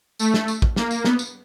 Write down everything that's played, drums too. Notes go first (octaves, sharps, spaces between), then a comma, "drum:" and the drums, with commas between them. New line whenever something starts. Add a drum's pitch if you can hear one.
A3, drum: tambourine
drum: snare
drum: tambourine
drum: kick
A#3, drum: snare
drum: tambourine
B3, drum: snare
drum: tambourine